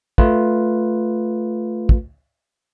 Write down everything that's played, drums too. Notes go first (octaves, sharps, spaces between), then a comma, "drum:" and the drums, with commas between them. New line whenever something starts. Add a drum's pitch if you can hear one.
A3 F4 B4, drum: kick
drum: kick